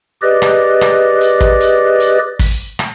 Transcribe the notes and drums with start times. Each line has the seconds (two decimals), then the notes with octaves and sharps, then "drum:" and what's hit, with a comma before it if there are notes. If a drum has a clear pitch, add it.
0.22 G4 G#4 B4 D5 D#5
0.42 drum: rim click
0.81 drum: rim click
1.21 drum: hi-hat
1.41 drum: kick
1.60 drum: hi-hat
2.00 drum: hi-hat
2.39 drum: kick, open hi-hat
2.79 drum: rim click